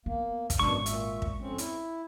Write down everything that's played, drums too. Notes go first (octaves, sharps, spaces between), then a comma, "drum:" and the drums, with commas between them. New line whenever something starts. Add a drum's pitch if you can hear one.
A#3 B3
drum: kick, hi-hat
G#1 F#2 B2 D4 C#6
A#2 E5, drum: hi-hat
drum: kick
F2 C4 C#4
E4, drum: hi-hat